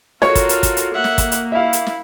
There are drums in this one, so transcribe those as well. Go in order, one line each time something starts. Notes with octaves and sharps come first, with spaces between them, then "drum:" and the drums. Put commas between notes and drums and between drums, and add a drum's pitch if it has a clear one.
F4 F#4 A4 A#4 C#5 C#6, drum: snare
drum: kick, hi-hat
drum: hi-hat
drum: kick, hi-hat
drum: hi-hat
A#3 E5 F#5
drum: snare
drum: kick, hi-hat
drum: hi-hat
E4 E5 F5
drum: hi-hat
drum: snare